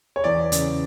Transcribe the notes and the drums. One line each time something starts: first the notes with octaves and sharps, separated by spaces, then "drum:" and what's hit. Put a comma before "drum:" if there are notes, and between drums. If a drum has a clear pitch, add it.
C#5
E2 D5
C#3, drum: hi-hat